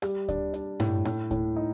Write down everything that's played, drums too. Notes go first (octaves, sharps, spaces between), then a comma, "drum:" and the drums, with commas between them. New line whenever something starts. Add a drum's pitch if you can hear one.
G3, drum: rim click
D4, drum: kick D2, hi-hat
D4, drum: hi-hat
A2, drum: tom G2
A2, drum: rim click
A2, drum: kick D2, hi-hat
D#4